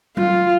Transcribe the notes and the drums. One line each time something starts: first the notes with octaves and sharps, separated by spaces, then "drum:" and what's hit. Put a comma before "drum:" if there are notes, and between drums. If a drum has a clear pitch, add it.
F4, drum: tom F#3